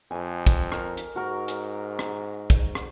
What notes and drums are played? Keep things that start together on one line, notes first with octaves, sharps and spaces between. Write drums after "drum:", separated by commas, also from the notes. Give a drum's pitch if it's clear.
F2 G#5
drum: kick, hi-hat
A#4, drum: rim click
drum: hi-hat
G#2 F#4 A#4
drum: hi-hat
drum: rim click
drum: kick, hi-hat
drum: rim click